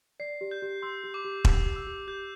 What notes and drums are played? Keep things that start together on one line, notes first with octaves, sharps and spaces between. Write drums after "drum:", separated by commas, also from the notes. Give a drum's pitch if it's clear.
D5 C7
G4
G6
G4
C6 E6
G4
D6
G4
G4 E6, drum: kick E1
G4
E6
G4
G4 G6